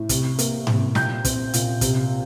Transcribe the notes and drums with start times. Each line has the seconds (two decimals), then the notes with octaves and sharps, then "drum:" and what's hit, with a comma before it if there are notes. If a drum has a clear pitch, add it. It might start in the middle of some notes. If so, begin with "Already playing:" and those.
Already playing: A2
0.09 C3, drum: kick, hi-hat
0.39 A#3, drum: hi-hat
0.67 C3, drum: tom G#2
0.95 A#2 G5 G6, drum: snare
1.25 C4, drum: kick, hi-hat
1.54 A#2, drum: hi-hat
1.81 C3, drum: kick, hi-hat